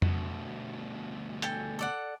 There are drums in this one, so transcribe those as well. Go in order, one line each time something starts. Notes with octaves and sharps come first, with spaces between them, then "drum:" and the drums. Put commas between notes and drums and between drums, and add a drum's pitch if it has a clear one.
D2 B2, drum: tom F2
A4 G5 G#5, drum: hi-hat
A4 D5 F#5